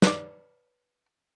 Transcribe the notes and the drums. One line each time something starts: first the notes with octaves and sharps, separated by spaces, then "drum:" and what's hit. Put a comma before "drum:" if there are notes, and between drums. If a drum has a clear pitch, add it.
B4 D5, drum: snare